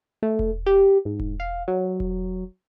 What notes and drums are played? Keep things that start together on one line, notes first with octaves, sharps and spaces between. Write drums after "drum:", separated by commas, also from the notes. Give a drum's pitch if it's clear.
A3
drum: kick E1
G4
G#2
drum: kick E1
F5
F#3
drum: kick E1